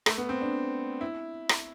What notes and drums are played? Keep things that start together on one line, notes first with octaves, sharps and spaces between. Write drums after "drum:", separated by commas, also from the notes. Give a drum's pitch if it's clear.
A3, drum: rim click
B3
C4
D4
E4
drum: rim click